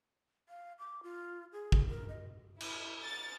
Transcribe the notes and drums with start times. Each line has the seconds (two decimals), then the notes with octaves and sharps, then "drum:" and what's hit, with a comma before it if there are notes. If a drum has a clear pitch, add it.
0.49 F5
0.79 D6
1.03 F4
1.53 G#4
1.72 drum: kick
1.90 A#4
2.09 D#5
2.60 E4, drum: cymbal
3.02 A6